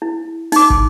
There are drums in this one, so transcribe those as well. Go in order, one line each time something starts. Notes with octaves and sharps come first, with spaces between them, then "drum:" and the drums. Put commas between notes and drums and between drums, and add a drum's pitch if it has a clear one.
E4
D#4 D6, drum: open hi-hat
drum: kick